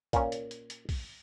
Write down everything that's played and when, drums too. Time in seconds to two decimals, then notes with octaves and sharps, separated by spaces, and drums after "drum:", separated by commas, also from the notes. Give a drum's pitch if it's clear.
0.13 A#2 C#4, drum: kick, hi-hat
0.32 drum: hi-hat
0.51 drum: hi-hat
0.70 drum: hi-hat
0.89 drum: kick, open hi-hat